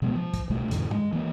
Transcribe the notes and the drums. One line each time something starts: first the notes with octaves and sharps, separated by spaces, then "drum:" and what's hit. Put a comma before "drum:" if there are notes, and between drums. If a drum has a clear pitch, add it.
B2 F3 G#3 B3
F3
drum: kick, hi-hat
C2 B2 G3 A3
F2 A2 D3 E3, drum: hi-hat
G#3, drum: tom
E3 A#3